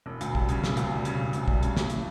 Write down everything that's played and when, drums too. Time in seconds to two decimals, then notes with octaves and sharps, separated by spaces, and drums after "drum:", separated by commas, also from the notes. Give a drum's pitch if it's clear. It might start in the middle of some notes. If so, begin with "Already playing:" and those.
0.06 E1
0.21 D2, drum: hi-hat
0.35 G3, drum: kick
0.49 C#3, drum: hi-hat
0.64 E1, drum: snare
0.77 D2, drum: hi-hat
0.92 G3
1.05 C#3, drum: hi-hat
1.19 E1
1.33 D2, drum: hi-hat
1.48 G3, drum: kick
1.63 C#3, drum: hi-hat
1.77 B1, drum: snare
1.90 A2, drum: hi-hat